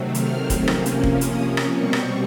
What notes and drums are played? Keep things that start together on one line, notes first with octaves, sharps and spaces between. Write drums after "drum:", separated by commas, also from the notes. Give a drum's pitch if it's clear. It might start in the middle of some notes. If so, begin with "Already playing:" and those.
Already playing: C3 D#3 F#3 A3 C4
F6, drum: hi-hat
drum: kick, hi-hat
C3 F3 A#3 C#4, drum: rim click
drum: hi-hat
drum: kick
D#6, drum: hi-hat
drum: rim click
B2 G3 C4 C#6
drum: rim click